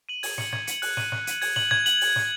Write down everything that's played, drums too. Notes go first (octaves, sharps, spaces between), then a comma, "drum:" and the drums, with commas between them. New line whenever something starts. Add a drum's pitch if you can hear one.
D#7 F#7
G#6, drum: open hi-hat
C#7 F#7, drum: snare
G#6, drum: snare
C#7 F#7, drum: hi-hat
F#6, drum: open hi-hat
D#7 F#7, drum: snare
F#6, drum: snare
D#7 F#7, drum: hi-hat
G#6, drum: open hi-hat
F#7, drum: snare
G#6, drum: snare
F#7, drum: hi-hat
drum: open hi-hat
drum: snare